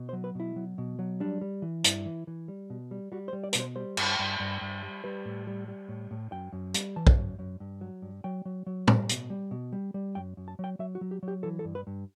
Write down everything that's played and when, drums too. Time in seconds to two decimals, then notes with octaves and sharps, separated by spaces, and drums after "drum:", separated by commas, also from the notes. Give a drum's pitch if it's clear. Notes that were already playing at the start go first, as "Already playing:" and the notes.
Already playing: B2
0.09 C5
0.13 F#3
0.24 B4
0.35 B2 E4
0.56 F#3
0.78 B2
0.99 F#3
1.20 G3 D4
1.41 G3
1.62 E3
1.84 G2 E4, drum: hi-hat
2.06 E3
2.27 E3
2.48 G3
2.70 B2
2.91 G3
3.12 G3 F#4
3.28 C5
3.33 G3
3.44 D5
3.53 B2 B4, drum: hi-hat
3.60 C5
3.76 G3 C5
3.97 G2, drum: cymbal
4.19 G2
4.40 G2
4.61 G2
4.82 G3
5.04 G3 B4
5.25 A2
5.47 G3
5.68 G3
5.89 A2
6.11 A2
6.32 F#2 G5
6.53 F#2
6.74 G3, drum: hi-hat
6.96 E3 A5
7.07 drum: kick
7.17 F#2
7.39 F#2
7.60 G2
7.81 F#3
8.02 G2
8.24 F#3 G5
8.45 F#3
8.67 F#3
8.87 G3, drum: tom A2
9.09 B2, drum: hi-hat
9.30 G3
9.51 B2
9.73 G3
9.94 G3
10.15 F#2 G5
10.37 F#2
10.48 A5
10.59 F#3 G5
10.79 F#3 E5
10.95 F#4
11.01 F#3
11.11 G4
11.23 F#3
11.28 G4
11.43 E3 A4
11.59 A4
11.65 G2
11.75 B4
11.87 G2